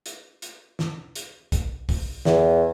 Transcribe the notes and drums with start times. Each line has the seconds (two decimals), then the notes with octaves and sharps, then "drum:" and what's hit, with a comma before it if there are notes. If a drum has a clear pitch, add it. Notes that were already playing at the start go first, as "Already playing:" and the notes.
0.06 drum: hi-hat
0.42 drum: hi-hat
0.79 drum: snare
1.16 drum: hi-hat
1.52 drum: kick A#1, hi-hat
1.89 drum: kick A#1, open hi-hat
2.25 E2, drum: snare